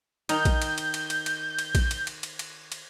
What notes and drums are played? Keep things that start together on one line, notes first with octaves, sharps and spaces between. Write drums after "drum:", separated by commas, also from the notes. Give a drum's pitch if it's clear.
D#3 D#4 G6, drum: cymbal
drum: kick A#1, cymbal
drum: cymbal
drum: cymbal
drum: cymbal
drum: cymbal
drum: cymbal
drum: cymbal
drum: kick A#1, cymbal
drum: cymbal
drum: cymbal
drum: cymbal
drum: cymbal
drum: cymbal